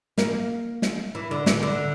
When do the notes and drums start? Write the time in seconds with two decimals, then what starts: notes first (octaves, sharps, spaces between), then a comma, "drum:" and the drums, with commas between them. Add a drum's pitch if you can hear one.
0.18 A#3, drum: snare
0.82 drum: snare
1.15 E3
1.31 D3
1.46 E3, drum: snare
1.63 D3